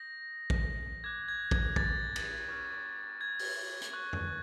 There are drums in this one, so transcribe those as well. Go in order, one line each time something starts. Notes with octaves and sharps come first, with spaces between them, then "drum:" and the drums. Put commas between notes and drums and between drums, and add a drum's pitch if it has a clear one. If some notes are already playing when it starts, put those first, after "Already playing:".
Already playing: D#6 G6 A#6
drum: kick
D6 F#6 G#6
G#6
G#6, drum: kick
A6, drum: kick
drum: cymbal
C#6 F6
G#6
drum: open hi-hat
drum: hi-hat
C#6 F#6
drum: tom F2